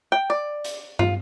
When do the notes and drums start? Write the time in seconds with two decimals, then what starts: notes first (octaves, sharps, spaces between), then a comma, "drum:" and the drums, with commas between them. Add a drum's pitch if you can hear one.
0.12 G5
0.30 D5
0.64 drum: hi-hat
0.99 F4, drum: tom